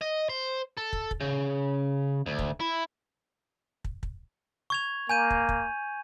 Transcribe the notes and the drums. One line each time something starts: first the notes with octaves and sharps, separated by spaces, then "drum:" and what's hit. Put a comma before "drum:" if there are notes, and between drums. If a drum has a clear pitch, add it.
D#5
C5
A4
drum: kick
drum: kick
C#3
D2
drum: kick
E4
drum: kick
drum: kick
C#6 G#6 F7
A#3 G#5 G6 D#7
drum: kick
drum: kick